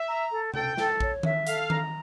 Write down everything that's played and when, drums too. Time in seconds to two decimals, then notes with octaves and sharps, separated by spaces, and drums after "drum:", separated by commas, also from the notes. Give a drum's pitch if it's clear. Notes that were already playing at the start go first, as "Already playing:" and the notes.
Already playing: E5
0.08 A#5
0.31 A4
0.54 A4 G5, drum: tom C3
0.77 A4, drum: snare
1.00 C#5, drum: kick A#1
1.23 E5, drum: tom D#3
1.47 A4 F5, drum: hi-hat
1.70 A#5, drum: tom D#3